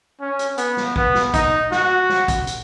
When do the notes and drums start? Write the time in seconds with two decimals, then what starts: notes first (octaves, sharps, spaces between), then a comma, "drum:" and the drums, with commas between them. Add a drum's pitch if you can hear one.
0.21 C#4
0.39 drum: hi-hat
0.58 B3, drum: hi-hat
0.77 drum: snare
0.96 B3, drum: kick
1.15 drum: snare
1.34 D#4, drum: kick, hi-hat
1.72 F#4, drum: snare
2.09 drum: snare
2.28 drum: kick, hi-hat
2.47 drum: hi-hat